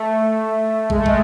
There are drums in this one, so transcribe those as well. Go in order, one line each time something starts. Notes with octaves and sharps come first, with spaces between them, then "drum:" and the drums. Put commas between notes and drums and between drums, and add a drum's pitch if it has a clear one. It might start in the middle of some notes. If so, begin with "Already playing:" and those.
Already playing: A3
G#3, drum: kick
A3
G#3, drum: kick